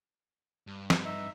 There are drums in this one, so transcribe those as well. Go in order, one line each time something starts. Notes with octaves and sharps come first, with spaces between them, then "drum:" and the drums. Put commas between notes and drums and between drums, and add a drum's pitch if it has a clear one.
G2
drum: snare
D#4 E5